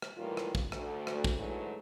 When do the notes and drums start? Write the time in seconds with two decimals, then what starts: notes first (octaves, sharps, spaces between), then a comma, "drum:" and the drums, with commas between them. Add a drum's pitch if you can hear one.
0.02 drum: rim click
0.17 A2 D#3 E3 G3 A#3 F4
0.37 drum: rim click
0.55 drum: kick
0.72 D2, drum: rim click
1.07 drum: rim click
1.24 drum: kick
1.36 D2 G#2 E3 F#3 G#3 A3